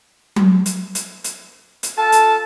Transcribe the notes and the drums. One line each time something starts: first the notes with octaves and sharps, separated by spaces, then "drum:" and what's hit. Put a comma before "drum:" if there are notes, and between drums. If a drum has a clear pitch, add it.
drum: tom F#3
drum: hi-hat
drum: hi-hat
drum: hi-hat
drum: hi-hat
F4 A4 A5
drum: hi-hat